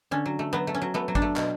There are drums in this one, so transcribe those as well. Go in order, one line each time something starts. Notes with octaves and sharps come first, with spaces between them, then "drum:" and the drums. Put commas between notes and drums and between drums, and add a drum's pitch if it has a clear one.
D3 C#4
F#3
A3
F#3 B3
A3
C#4
F#3
A3 B3
F#3
D4, drum: kick
A3
B2, drum: clap